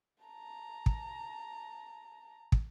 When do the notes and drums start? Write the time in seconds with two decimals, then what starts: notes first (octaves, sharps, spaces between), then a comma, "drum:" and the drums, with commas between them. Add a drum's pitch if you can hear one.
0.24 A5 A#5
0.86 drum: kick
2.52 drum: kick